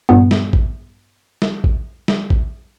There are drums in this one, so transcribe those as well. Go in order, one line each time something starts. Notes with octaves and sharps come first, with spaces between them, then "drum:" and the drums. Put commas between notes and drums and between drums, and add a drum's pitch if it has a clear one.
G2 A#2 B3
drum: snare
drum: kick A1
drum: snare
drum: kick A1
drum: snare
drum: kick A1